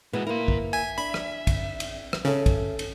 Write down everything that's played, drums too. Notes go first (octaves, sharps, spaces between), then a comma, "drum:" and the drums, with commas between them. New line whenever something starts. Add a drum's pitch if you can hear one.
A#2 E3 G#3 B3 F#4
A#3 E4 A#4 C6
drum: kick
E5 G#5
D4 B5
drum: rim click
drum: kick, cymbal
drum: cymbal
drum: rim click
C#3 C#4 A4
drum: kick, cymbal
drum: cymbal